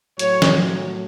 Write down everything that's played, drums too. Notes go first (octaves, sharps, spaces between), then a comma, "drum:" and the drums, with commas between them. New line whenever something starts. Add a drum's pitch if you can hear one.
A2 F#3 A3 C#5, drum: hi-hat
drum: snare